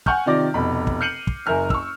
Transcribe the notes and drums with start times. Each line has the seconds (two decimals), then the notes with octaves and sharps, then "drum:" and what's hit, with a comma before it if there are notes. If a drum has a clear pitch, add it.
0.06 F#5 G#5 C#6 F6 G6, drum: kick
0.26 C3 D#3 F4 D5 D6 A#6
0.54 F1 B2 B5
0.87 drum: kick
1.01 F6 G6 C7 C#7 D#7 F#7
1.27 drum: kick
1.46 F#1 A#4 E5 G#5 F6 G6
1.70 C#6 E6, drum: kick